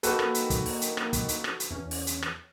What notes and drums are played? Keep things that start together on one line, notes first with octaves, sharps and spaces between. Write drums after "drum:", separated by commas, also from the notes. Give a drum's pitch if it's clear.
A#3 D#4 F#4 A4 B4 G5, drum: hi-hat
drum: rim click
drum: hi-hat
drum: kick, hi-hat
drum: open hi-hat
drum: hi-hat
drum: rim click
drum: kick, hi-hat
drum: hi-hat
drum: rim click
drum: hi-hat
E2 C#4
drum: open hi-hat
drum: hi-hat
drum: rim click